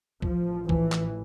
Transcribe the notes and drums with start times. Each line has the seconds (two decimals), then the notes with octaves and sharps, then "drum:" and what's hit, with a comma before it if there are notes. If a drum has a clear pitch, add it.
0.22 A1 A2 F3, drum: kick
0.69 E3, drum: kick
0.92 drum: clap